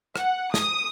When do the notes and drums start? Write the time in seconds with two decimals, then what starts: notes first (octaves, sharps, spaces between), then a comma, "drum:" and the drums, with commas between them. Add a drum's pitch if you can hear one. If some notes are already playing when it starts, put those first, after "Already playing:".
0.16 F#5, drum: rim click
0.54 D#6, drum: snare